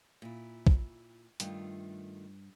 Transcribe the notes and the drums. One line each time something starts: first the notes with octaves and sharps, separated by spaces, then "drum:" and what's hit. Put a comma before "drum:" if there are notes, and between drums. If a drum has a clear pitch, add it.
A#2 E4
drum: kick
G2 D#3 A3 F4, drum: hi-hat